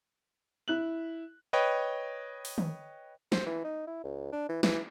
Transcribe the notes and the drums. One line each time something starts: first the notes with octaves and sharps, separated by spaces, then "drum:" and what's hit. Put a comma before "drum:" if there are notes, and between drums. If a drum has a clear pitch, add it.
E4 F#6 F#7
B4 C#5 D#5 G5
drum: open hi-hat
drum: tom
C5, drum: snare
E3
D#4
E4
C#2
D4
E3
E3, drum: snare